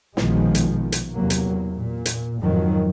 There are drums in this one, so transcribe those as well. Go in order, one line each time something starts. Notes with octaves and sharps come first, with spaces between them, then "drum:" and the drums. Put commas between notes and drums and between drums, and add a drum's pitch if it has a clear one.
A#1 B2 D#3 F3 G#3, drum: snare
drum: hi-hat
drum: hi-hat
E2 C3 F#3 A#3
drum: hi-hat
A#2
drum: hi-hat
F2 G#2 D#3 F3 F#3